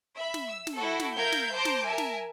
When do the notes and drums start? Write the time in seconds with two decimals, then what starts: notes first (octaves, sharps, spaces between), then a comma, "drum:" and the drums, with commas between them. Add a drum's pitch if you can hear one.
0.17 E5 B5
0.34 drum: snare
0.49 E6
0.67 drum: snare
0.78 E4 F#4 A4
1.00 drum: snare
1.16 A#4 E5 F5 G6 G#6
1.32 drum: snare
1.52 C5 A5 A#5 C6 D6 G6
1.65 drum: snare
1.84 A#4 E5 G#5 A5
1.98 drum: snare